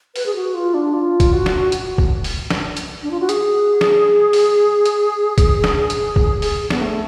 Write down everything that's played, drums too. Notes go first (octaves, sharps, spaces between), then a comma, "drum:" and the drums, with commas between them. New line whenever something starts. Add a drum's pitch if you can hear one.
B4, drum: open hi-hat
G#4
F#4
F4
D4
F4
drum: kick, hi-hat
F#4
drum: snare
drum: hi-hat
drum: kick
drum: open hi-hat
drum: snare
drum: hi-hat
D4
F4
F#4
G#4, drum: hi-hat
drum: snare
drum: open hi-hat
drum: hi-hat
drum: kick, hi-hat
drum: snare
drum: hi-hat
drum: kick
G#4, drum: open hi-hat
B3, drum: snare
A3